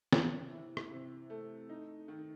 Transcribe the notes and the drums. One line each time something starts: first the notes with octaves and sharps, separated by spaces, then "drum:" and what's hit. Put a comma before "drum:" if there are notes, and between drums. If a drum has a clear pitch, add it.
C3, drum: snare
E3
drum: rim click
C3
A3
D#4
D#3